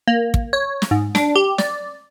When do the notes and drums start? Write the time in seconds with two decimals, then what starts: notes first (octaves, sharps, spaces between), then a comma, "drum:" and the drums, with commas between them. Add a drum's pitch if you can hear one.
0.08 A#3
0.34 drum: kick
0.53 C#5
0.82 drum: snare
0.91 G#2
1.15 D4, drum: snare
1.36 G4
1.58 D5, drum: snare